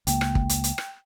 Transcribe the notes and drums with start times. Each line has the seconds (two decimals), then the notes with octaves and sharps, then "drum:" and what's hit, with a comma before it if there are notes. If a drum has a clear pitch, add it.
0.07 C#2 A#3 G5, drum: hi-hat
0.21 drum: rim click
0.35 drum: kick
0.49 drum: hi-hat
0.64 drum: hi-hat
0.78 drum: rim click